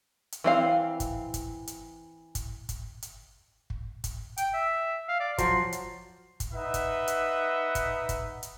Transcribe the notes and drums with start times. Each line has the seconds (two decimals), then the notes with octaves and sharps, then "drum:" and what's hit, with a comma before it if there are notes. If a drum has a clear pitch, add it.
0.32 drum: hi-hat
0.44 E3 C4 F5
1.00 drum: kick, hi-hat
1.34 drum: kick, hi-hat
1.67 drum: hi-hat
2.35 drum: kick, hi-hat
2.69 drum: kick, hi-hat
3.02 drum: hi-hat
3.70 drum: kick
4.04 drum: kick, hi-hat
4.38 G5, drum: hi-hat
4.54 E5
5.09 F5
5.20 D5
5.38 F3 F#3 C6, drum: kick, hi-hat
5.73 drum: hi-hat
6.40 drum: kick, hi-hat
6.53 D#4 B4 E5 F#5
6.74 drum: kick, hi-hat
7.08 drum: hi-hat
7.75 drum: kick, hi-hat
8.09 drum: kick, hi-hat
8.43 drum: hi-hat